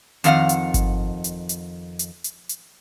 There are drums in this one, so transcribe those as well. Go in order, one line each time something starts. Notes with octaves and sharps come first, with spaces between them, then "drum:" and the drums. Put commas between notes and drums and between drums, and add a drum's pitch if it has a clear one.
F2 D#3 F5 F#5, drum: hi-hat
drum: hi-hat
drum: kick G1, hi-hat
drum: hi-hat
drum: hi-hat
drum: hi-hat
drum: hi-hat
drum: hi-hat